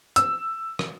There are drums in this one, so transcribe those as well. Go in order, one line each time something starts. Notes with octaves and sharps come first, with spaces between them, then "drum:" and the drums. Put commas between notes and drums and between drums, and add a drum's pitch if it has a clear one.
E6, drum: hi-hat
drum: rim click